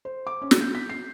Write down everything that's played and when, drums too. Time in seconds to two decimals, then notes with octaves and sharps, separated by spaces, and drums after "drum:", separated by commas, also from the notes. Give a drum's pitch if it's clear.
0.05 C5
0.27 D6
0.42 C#4
0.51 drum: snare
0.61 G6
0.75 B6
0.89 C7